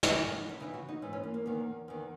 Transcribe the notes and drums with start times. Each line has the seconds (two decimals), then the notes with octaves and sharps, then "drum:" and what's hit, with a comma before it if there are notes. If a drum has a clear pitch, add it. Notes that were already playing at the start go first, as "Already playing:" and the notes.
0.03 drum: snare
0.17 F#2 E3
0.27 C#4
0.38 D#4
0.49 E4
0.59 E2 C#3 E3 D#4
0.74 F#4
0.89 D#4
1.02 G#2 E3 C#4
1.13 C#4
1.23 A#3
1.34 A#3
1.46 E2 D#3
1.88 E2 D#3